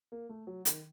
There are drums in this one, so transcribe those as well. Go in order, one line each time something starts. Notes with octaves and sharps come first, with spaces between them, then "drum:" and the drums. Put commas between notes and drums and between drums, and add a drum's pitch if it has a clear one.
A#3
A3
F#3
D#3, drum: hi-hat